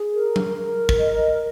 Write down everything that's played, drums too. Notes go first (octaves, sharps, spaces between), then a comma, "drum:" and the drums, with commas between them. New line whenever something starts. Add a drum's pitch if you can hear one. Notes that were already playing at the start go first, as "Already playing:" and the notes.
Already playing: G#4
A#4
drum: tom F#3
A#4
drum: kick
D#5